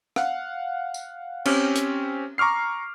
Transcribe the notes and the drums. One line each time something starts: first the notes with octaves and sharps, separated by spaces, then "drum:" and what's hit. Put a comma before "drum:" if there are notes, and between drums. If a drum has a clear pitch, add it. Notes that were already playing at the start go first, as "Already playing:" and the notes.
F5 F#5, drum: rim click
drum: tambourine
C4 C#4 G4, drum: cymbal
drum: hi-hat
A#5 C#6 D6 F6 C7